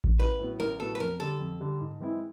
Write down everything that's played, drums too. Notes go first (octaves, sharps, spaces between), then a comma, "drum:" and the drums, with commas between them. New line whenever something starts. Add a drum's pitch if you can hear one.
drum: kick A1
A1 B4
A2 F#3 B3
A1 A#4
A2 F#3 B3 A4
B4
F2 A#4
D3 G3 A4
F2
D3 G3
G#2
E3 G#3 C4 E4